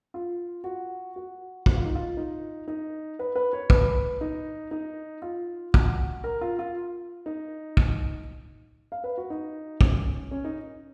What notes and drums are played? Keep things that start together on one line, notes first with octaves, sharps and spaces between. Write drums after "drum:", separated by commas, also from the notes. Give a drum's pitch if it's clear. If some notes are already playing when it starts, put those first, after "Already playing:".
F4
F#4
F#4
F#4, drum: kick
F4
D#4
F4
D#4
D#4
B4
B4
C#5
B4, drum: kick
D#4
D#4
F4
F#4, drum: kick
A#4
F4
F4
D#4
drum: kick
F5
B4
F#4
D#4
C#4, drum: kick
C#4
D#4